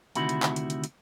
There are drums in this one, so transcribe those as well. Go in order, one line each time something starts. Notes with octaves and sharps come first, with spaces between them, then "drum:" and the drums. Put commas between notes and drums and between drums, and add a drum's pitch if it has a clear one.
D2 C3 D#3 E4 F#4 B5, drum: hi-hat
drum: hi-hat
drum: clap
drum: hi-hat
drum: hi-hat
drum: hi-hat